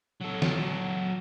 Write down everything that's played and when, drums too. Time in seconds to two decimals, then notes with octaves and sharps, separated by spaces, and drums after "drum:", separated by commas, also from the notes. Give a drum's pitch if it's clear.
0.21 F#3 A4
0.42 drum: snare